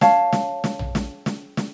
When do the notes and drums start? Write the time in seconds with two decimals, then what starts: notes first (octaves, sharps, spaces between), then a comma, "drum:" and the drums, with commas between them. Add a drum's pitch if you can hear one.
0.01 C#5 F5 A5, drum: snare
0.33 drum: snare
0.64 drum: snare
0.79 drum: tom A#1
0.95 drum: snare
1.26 drum: snare
1.57 drum: snare